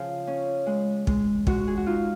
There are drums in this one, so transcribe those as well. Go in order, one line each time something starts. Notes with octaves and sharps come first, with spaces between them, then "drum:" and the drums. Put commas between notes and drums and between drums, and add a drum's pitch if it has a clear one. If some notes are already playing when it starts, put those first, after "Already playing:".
Already playing: C#3 F3 F4 G#4
C#4
G#3
G#3, drum: kick
G#3 F#4, drum: kick
G#4
F#4
D#4 F4